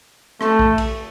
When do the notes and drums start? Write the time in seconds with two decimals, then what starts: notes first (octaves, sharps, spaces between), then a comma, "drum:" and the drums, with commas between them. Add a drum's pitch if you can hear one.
0.41 A3, drum: rim click
0.59 drum: kick A#1
0.78 drum: cymbal